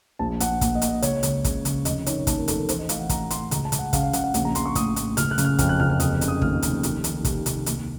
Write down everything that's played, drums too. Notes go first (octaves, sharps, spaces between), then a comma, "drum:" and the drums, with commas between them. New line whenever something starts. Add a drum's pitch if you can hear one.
A#1 A5
A#1 F#5, drum: hi-hat
A#2, drum: kick, hi-hat
D#5
A#2, drum: hi-hat
D#5
C#2 C#5, drum: hi-hat
C#2, drum: hi-hat
C#3, drum: kick, hi-hat
C#3, drum: hi-hat
F1 D#5, drum: hi-hat
D#3 C#5, drum: hi-hat
D#2 A5, drum: kick, hi-hat
A#4
F1 A4, drum: hi-hat
A#4
A1 C5, drum: hi-hat
D#5
A1 F5, drum: hi-hat
F#5
A2 A#5, drum: kick, hi-hat
A2 C6, drum: hi-hat
C#2 A#5, drum: hi-hat
A5
C#2, drum: hi-hat
F#5
C#3 F5, drum: kick, hi-hat
F5
C#3 F#5, drum: hi-hat
F#5
A#1, drum: hi-hat
A#5
A#1 C6, drum: hi-hat
C#6
A2 D#6, drum: kick, hi-hat
A2, drum: hi-hat
F#1 F6, drum: hi-hat
F#6
C#3, drum: hi-hat
F6
F2 F6, drum: kick, hi-hat
F#6
F#1 F6
F6
F1 D#6, drum: hi-hat
C#3, drum: hi-hat
D#6
D#2 F6, drum: kick
F1, drum: hi-hat
C2, drum: hi-hat
D#3, drum: hi-hat
C3, drum: kick, hi-hat
C2, drum: hi-hat
D#2, drum: hi-hat